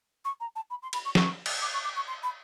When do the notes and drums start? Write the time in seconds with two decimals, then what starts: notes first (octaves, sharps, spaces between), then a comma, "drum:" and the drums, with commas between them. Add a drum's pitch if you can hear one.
0.24 C#6
0.40 A#5
0.55 A5
0.70 B5
0.82 C6
0.93 B5, drum: cymbal
1.05 C#6
1.15 C#6, drum: snare
1.46 drum: cymbal
1.61 D6
1.73 C#6
1.84 D6
1.96 C#6
2.07 C6
2.23 B5